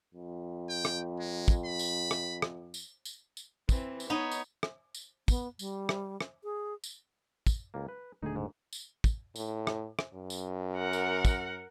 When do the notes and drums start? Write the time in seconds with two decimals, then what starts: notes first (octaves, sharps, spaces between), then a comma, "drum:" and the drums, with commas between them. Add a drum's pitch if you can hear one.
0.14 F2
0.69 G5
0.85 drum: rim click
1.20 G#3
1.48 drum: kick, tambourine
1.65 B5
1.79 drum: tambourine
2.11 drum: rim click
2.42 drum: rim click
2.74 drum: tambourine
3.05 drum: tambourine
3.37 drum: tambourine
3.69 E3 C4, drum: kick, tambourine
4.00 drum: tambourine
4.10 B3 D#4 C#5
4.31 drum: tambourine
4.63 drum: rim click
4.94 drum: tambourine
5.28 B3, drum: kick, tambourine
5.59 G3, drum: tambourine
5.89 drum: rim click
6.21 drum: rim click
6.44 G#4
6.84 drum: tambourine
7.47 drum: kick, tambourine
7.74 C#2 A#3
7.89 B4
8.23 D#1 D3 A3 D#4 G#4
8.36 G#2
8.73 drum: tambourine
9.04 drum: kick, tambourine
9.36 A2, drum: tambourine
9.67 drum: rim click
9.99 drum: rim click
10.14 F#2
10.30 drum: tambourine
10.76 A#4 F#5
10.93 drum: tambourine
11.25 drum: kick, tambourine